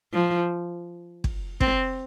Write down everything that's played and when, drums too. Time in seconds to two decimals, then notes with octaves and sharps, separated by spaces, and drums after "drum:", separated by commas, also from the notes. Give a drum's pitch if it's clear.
0.13 F3
1.24 drum: kick
1.61 C4, drum: kick